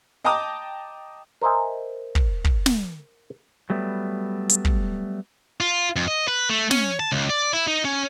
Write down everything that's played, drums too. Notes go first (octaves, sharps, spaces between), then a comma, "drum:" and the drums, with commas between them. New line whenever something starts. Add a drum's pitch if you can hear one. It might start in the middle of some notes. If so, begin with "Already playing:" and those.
D#5 G5 A5 A#5 D6 D#6
A#4 C5 D#5 E5 G#5
drum: kick
drum: kick
drum: snare
F#3 G3 A3 B3
drum: hi-hat
drum: kick
F4
F2
D#5
B4
A3
C#4, drum: snare
A5
C#2
D5
E4
D#4
C#4